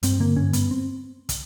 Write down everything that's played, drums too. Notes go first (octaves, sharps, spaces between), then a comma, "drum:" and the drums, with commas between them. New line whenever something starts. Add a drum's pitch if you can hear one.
G2 C4, drum: hi-hat
D3 A#3
G2 C#4
G2 B3, drum: hi-hat
C4
drum: kick, hi-hat